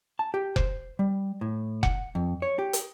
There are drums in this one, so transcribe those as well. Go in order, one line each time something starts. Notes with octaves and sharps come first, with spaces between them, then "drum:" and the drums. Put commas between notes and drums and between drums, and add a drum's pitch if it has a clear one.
A5
G4
C5, drum: kick F1
G3
A2
F#5, drum: kick F1
F2
C#5
G4
drum: hi-hat